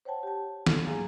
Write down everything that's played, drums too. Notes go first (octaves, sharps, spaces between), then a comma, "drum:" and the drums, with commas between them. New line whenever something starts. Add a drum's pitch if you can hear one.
C5 C#5 F#5 G5 A5
G4 A5
A4, drum: snare
G#2 F#3 A#3 G#4 F5 G#5